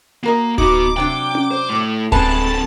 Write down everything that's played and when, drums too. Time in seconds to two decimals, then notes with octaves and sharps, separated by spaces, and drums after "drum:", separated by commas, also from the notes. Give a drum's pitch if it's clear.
0.23 A#3 F#4 A#4 D#5
0.58 B3 D#4 F#4 D6, drum: kick D1
0.97 C3 F#3 D4 G5
1.35 drum: tom C#4
1.51 C5
1.69 A2
2.12 D3 G#3 A3 C4 B4 A5, drum: kick D1